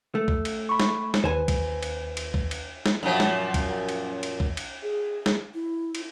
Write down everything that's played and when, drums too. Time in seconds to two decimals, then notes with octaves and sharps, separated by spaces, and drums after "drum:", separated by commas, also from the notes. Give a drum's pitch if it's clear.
0.15 A3
0.28 drum: kick B1
0.45 drum: cymbal
0.69 B5 C#6
0.80 drum: snare
1.14 drum: snare
1.24 D#2 B4 C5 G#5
1.48 drum: kick B1, cymbal
1.83 drum: cymbal
2.17 drum: cymbal
2.34 drum: kick B1
2.51 drum: cymbal
2.86 drum: snare
3.03 F#2 A#2 F3
3.20 drum: snare
3.54 drum: kick B1, cymbal
3.89 drum: cymbal
4.23 drum: cymbal
4.40 drum: kick B1
4.57 drum: cymbal
4.83 G#4
5.26 drum: snare
5.55 E4
5.95 drum: cymbal